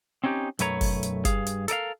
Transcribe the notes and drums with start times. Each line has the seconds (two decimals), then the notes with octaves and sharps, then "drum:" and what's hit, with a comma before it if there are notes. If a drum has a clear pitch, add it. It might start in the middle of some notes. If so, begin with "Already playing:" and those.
0.24 C4 C#4 D#4 F#4 G4
0.59 B1 F#2 A3 B4 C#5 A#5, drum: hi-hat
0.81 drum: kick F#1, open hi-hat
1.03 drum: hi-hat
1.25 G2 G#4 F5, drum: kick F#1, hi-hat
1.46 drum: hi-hat
1.68 A4 A#4 D#5 F5, drum: hi-hat